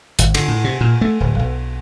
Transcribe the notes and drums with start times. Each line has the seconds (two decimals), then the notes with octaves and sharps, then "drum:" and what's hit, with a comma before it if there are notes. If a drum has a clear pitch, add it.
0.19 G#1, drum: hi-hat
0.34 D3, drum: cymbal
0.48 A2
0.64 C3
0.81 A#2
1.01 A3
1.20 D1
1.39 B1